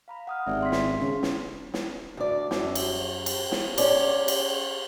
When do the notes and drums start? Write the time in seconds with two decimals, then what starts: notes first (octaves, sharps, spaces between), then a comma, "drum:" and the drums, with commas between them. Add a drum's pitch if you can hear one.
0.08 F5 A#5 B5
0.27 F#5 D#6 F6
0.46 G#1 G4 D5 E5
0.62 C6 B6
0.72 drum: snare
1.00 C#3
1.23 drum: snare
1.74 drum: snare
2.17 D2 D5
2.51 F#2, drum: snare
2.75 drum: cymbal
3.26 drum: cymbal
3.52 drum: snare
3.78 C#4 D5, drum: cymbal
4.28 drum: cymbal